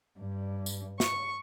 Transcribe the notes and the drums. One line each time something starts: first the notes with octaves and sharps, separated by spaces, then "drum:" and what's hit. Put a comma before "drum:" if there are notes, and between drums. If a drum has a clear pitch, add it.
G2
drum: tambourine
C#6, drum: snare